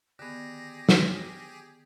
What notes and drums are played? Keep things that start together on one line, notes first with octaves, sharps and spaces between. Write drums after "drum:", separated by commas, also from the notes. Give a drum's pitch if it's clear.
D3 D#3 B3 G4 G#4 A#6
drum: snare